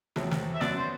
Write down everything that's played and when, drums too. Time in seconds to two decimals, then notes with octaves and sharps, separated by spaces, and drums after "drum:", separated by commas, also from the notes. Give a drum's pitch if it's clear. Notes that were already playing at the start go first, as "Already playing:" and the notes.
0.16 E2 B2 F#3 A3 C4, drum: snare
0.31 drum: snare
0.54 E5
0.61 F#2 F#3 B3 F#4 D5, drum: snare
0.77 C5